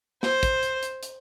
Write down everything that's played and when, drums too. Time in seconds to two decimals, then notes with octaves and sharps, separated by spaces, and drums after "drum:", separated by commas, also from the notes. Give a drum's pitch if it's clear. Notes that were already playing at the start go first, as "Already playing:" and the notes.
0.23 C5, drum: snare
0.43 drum: kick, hi-hat
0.63 drum: hi-hat
0.83 drum: hi-hat
1.03 drum: hi-hat